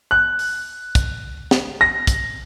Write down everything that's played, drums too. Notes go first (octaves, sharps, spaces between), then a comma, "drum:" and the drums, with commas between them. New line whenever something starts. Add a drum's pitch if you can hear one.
F#6
drum: open hi-hat
drum: kick, hi-hat
drum: snare
A#6
drum: kick, hi-hat